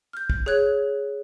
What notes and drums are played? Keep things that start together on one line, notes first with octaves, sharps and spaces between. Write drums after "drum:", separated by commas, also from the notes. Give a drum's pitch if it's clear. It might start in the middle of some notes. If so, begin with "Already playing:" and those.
F6 G6
drum: kick
G#4 C#5 F#6 G#6